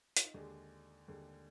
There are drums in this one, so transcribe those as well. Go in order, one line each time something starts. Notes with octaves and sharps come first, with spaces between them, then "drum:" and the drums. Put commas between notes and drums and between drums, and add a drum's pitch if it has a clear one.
F4, drum: hi-hat
D#4
D#2 D3 G#3 D4
D#2 D3 G#3